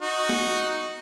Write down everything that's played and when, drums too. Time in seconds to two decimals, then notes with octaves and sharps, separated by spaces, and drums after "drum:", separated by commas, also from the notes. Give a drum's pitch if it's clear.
0.01 D#4 F#4
0.29 drum: snare